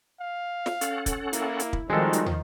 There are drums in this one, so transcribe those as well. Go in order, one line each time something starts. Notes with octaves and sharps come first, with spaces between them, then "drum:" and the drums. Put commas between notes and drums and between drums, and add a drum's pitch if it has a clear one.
F5
drum: snare
C#4 A4 F#5, drum: hi-hat
drum: kick, hi-hat
A#3 E4, drum: hi-hat
drum: hi-hat
drum: kick
D#3 F3 G3 G#3 C4 D#4 F#4 A4
drum: hi-hat
drum: tom